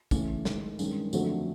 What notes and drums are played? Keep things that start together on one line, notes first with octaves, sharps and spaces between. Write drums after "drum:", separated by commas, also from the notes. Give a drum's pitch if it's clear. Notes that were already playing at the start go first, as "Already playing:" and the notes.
E2 C#3 E3 A3 C#4, drum: kick, tambourine
G#2 D#3 G#3, drum: snare
G2 D#3 G#3 C#4, drum: tambourine
F2 D3 F#3 A3 C4, drum: tambourine